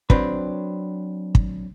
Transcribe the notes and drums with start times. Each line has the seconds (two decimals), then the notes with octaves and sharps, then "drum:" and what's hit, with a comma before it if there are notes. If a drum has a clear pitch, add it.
0.10 F#3 C4 D4 B4, drum: kick
1.35 drum: kick